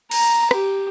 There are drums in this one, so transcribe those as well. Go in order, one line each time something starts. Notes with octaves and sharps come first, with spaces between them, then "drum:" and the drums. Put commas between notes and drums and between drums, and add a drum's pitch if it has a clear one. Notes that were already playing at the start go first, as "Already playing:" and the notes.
A#5, drum: cymbal
G4, drum: rim click